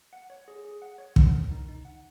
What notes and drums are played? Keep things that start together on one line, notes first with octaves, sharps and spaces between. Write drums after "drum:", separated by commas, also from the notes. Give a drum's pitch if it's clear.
F#5
C#5
G#4
G#4
F#5
C#5
F#5, drum: kick
A#4
D#4
D#4
F#5